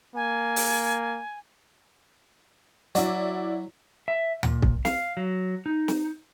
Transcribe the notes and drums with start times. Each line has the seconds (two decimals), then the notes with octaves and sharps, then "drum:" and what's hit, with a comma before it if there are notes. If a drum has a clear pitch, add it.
0.16 A#3 G#5
0.56 drum: open hi-hat
2.95 F#3 E4 F#4 D5, drum: hi-hat
4.08 E5
4.43 A#2, drum: tom D2
4.62 drum: kick
4.85 F5, drum: snare
5.17 F#3
5.66 D#4
5.88 drum: snare